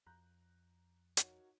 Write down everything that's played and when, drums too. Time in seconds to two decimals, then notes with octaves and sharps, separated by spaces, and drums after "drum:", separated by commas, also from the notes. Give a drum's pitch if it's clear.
0.07 F2 A#5 F#6 G6
1.17 D#4 F#4 A#4 C#5 F#5, drum: hi-hat